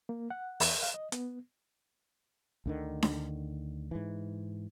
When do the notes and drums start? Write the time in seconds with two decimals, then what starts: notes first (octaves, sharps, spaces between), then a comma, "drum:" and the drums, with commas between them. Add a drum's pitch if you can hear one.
0.09 A#3
0.30 F#5
0.60 E2, drum: open hi-hat
0.83 F5
0.94 D#5
1.12 B3, drum: hi-hat
2.66 D2 D3 D#3
3.02 drum: snare D4
3.91 G#2 E3